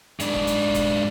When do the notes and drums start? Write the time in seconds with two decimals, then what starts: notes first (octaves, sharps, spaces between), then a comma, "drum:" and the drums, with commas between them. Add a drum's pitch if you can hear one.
0.20 G#2 D4, drum: hi-hat
0.33 drum: kick F1
0.47 drum: hi-hat
0.74 drum: kick F1, hi-hat